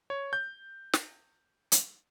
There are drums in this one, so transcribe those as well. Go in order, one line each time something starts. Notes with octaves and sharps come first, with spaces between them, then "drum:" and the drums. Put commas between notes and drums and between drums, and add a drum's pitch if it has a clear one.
C#5
G6
drum: snare
drum: hi-hat